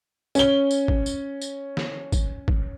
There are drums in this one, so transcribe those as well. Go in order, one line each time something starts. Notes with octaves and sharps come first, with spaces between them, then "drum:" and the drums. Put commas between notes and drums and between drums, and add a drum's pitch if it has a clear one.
C#4 G7, drum: tambourine
drum: tambourine
drum: kick
drum: tambourine
drum: tambourine
drum: snare
drum: kick, tambourine
drum: kick